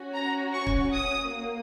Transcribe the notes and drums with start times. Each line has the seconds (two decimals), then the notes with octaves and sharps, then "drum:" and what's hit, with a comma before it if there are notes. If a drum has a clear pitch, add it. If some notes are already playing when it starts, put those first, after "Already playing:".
Already playing: C#4 F#4
0.15 A#5
0.53 C#6
0.67 drum: kick
0.93 D#6
1.31 A#3